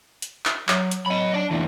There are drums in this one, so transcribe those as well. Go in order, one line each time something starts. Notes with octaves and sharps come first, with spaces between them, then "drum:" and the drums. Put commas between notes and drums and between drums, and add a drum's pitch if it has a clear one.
drum: hi-hat
drum: clap
F#3, drum: clap
drum: hi-hat
F#3 D#5 B5
D4 D5
D2 E3 D4